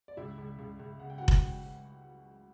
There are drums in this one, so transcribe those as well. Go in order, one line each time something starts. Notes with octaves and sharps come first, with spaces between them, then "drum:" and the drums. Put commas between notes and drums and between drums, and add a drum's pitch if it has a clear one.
D5
C#2 E4 E5
C#2
C#2
C#2
C#3 F#5
G5
E3 F#4 F#5
drum: kick F1